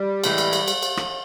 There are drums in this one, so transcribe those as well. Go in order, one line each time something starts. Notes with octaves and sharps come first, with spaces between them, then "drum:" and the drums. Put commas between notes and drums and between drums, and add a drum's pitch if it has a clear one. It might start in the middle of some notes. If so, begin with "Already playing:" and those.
Already playing: G3
A2 E3 G#3, drum: cymbal
drum: cymbal
drum: cymbal
drum: cymbal
drum: cymbal
drum: rim click